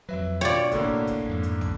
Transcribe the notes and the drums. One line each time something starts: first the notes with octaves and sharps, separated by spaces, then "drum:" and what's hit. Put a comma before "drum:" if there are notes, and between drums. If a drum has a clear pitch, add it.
F2 F#3 B4 E5
B2 F4 C#5 D5 G5
A2 D3 A#3, drum: kick, hi-hat
drum: kick, hi-hat
F2 G#2 A3
drum: hi-hat
drum: tom